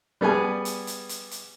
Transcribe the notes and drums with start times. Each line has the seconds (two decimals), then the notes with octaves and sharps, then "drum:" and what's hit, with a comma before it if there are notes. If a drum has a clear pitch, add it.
0.21 G3 B3 G#4 G#5
0.65 drum: hi-hat
0.87 drum: hi-hat
1.09 drum: hi-hat
1.31 drum: hi-hat